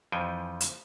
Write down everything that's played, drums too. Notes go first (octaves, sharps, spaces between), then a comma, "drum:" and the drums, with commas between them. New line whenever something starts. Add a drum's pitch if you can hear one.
F2 E3 F3 G5 G#5
drum: hi-hat